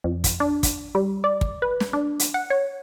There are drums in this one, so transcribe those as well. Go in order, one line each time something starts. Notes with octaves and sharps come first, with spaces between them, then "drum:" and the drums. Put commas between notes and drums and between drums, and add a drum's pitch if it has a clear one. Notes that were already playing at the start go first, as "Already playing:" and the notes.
F2
drum: kick, hi-hat
D4
drum: kick, hi-hat
G3
D5
drum: kick
B4
drum: snare
D4
drum: hi-hat
F#5
C#5